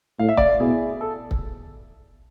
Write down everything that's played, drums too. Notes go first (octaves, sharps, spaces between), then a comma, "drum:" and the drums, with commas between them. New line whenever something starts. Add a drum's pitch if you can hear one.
A2 F5
E5
D5 F5, drum: kick
B2 E4 G#4
A4
drum: kick